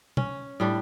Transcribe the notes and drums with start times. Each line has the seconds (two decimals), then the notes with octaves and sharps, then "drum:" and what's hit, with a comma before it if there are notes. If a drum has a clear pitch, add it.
0.17 C#4, drum: tom
0.60 A2 G3 D4